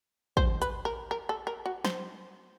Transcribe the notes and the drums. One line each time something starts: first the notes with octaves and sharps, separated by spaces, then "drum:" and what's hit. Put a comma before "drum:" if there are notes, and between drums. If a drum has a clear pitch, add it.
C5, drum: kick
B4, drum: hi-hat
A#4
A#4
A4
A#4
F#4
C5, drum: snare